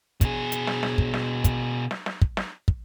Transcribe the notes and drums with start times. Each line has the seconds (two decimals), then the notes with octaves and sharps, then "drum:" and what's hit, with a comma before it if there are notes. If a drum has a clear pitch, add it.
0.21 B2 G#4, drum: kick, hi-hat
0.52 drum: hi-hat
0.67 drum: snare
0.83 drum: snare
0.98 drum: kick
1.14 drum: snare
1.44 drum: kick, hi-hat
1.91 drum: snare
2.06 drum: snare
2.22 drum: kick
2.37 drum: snare
2.68 drum: kick